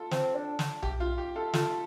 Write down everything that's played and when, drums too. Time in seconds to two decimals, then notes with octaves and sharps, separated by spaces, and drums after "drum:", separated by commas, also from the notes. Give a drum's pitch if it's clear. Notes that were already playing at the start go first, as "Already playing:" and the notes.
Already playing: F4 A4
0.11 C4, drum: snare
0.35 D4
0.59 drum: snare
0.82 G4, drum: tom B1
1.00 F4
1.18 G4
1.35 F4 A4
1.54 F4 A4, drum: snare